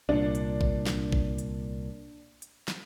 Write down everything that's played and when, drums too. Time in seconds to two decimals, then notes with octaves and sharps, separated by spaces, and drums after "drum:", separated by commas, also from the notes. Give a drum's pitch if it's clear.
0.09 C2 A#2 D4
0.35 drum: hi-hat
0.61 drum: kick A#1
0.87 drum: snare
1.12 drum: kick A#1
1.38 drum: hi-hat
2.42 drum: hi-hat
2.68 drum: snare